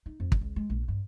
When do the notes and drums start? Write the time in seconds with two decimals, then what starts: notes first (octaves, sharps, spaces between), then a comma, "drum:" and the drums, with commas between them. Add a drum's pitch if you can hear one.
0.06 D#4
0.20 F2
0.32 drum: kick
0.41 C#2
0.56 G#3
0.70 A#1
0.88 G2